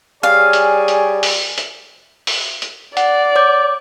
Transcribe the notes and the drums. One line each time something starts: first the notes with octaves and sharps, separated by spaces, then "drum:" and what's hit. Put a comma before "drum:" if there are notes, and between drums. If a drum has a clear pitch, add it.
G3 G#4 C#5 F5 G#5
drum: hi-hat
drum: hi-hat
drum: open hi-hat
drum: hi-hat
drum: open hi-hat
drum: hi-hat
D5 F#5, drum: hi-hat
C#5 D6 G6